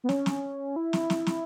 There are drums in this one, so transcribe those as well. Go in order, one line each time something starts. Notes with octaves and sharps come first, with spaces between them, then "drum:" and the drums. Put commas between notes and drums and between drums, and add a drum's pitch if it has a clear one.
B3
C#4, drum: snare
drum: snare
E4
drum: snare
drum: snare
drum: snare